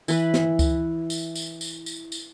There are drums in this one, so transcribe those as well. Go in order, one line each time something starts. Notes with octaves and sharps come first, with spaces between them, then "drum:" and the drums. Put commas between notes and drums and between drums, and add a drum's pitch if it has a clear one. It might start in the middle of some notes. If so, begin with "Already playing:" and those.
E3 B4, drum: tambourine
drum: snare
drum: kick C#2, tambourine
drum: tambourine
drum: tambourine
drum: tambourine
drum: tambourine
drum: tambourine